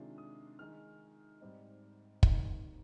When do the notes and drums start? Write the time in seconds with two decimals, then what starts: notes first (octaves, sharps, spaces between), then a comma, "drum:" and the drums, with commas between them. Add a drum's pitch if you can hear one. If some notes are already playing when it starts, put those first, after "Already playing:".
Already playing: C3 D#3 G#3 D4 F4
0.18 D#6
0.59 D#3 G#3 D#4 F6
1.41 G#2 G3 C4 D#4
2.23 F2 D#3 G3 A#3 D#4, drum: kick